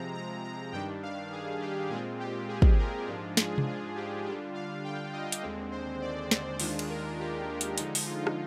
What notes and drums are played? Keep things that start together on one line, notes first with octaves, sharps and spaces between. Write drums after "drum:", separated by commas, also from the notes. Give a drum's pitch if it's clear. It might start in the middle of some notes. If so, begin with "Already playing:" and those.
Already playing: C3 F3 G#3 C4 A#5
A#5
A#5
G2 D#3 G3 D4 G5
F5
G#4
G4
A#2 G#3 C4 F4 G#4
G4
G#4
drum: kick
A#4
G#2 F3 G#3 D4 F4
G#4, drum: snare
drum: tom C3
F4
G4
D3 G3 D4 F4 G4
F5
G5
D#5
drum: hi-hat
D#2 D3 G#3 C4
C5
D5
C5, drum: snare
D#2 D#3 G#3 D4 F4 C5, drum: open hi-hat
drum: cymbal
A#4
G4
drum: hi-hat
D3 F3 G#3 D#4, drum: hi-hat
drum: open hi-hat
F4
drum: rim click